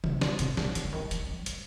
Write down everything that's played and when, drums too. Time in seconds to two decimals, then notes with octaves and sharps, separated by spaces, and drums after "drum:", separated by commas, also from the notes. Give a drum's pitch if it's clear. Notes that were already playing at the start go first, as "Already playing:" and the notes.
0.04 C#3, drum: tom
0.21 drum: snare
0.39 C3, drum: hi-hat
0.57 B2, drum: snare
0.75 A#2, drum: hi-hat
0.85 D3
0.93 D#3
1.02 E3
1.11 F3, drum: hi-hat
1.29 F#3
1.46 G#3, drum: hi-hat